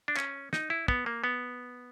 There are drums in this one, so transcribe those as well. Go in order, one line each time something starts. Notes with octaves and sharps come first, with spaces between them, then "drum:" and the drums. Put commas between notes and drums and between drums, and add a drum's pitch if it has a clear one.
D4
C#4, drum: clap
D#4, drum: snare
E4
B3, drum: kick
A#3
B3